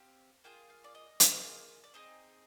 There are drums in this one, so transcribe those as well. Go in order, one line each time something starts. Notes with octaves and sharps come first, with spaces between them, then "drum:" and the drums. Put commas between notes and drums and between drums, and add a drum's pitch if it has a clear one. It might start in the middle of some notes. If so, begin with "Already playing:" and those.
Already playing: C4 G4 F5
A#3 F4 G#4 G5
F5
D5
D#5
A#3 F4 G#4, drum: hi-hat
D5
C4 D#4 G#4 D#5